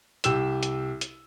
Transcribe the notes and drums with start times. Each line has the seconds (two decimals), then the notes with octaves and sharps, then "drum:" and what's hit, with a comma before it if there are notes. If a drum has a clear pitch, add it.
0.24 C2 G4 E6 E7, drum: hi-hat
0.63 drum: hi-hat
1.01 drum: hi-hat